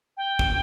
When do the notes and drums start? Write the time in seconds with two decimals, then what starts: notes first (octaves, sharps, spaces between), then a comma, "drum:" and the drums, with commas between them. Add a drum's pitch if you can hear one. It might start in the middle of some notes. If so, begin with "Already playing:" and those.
0.17 G5
0.39 drum: kick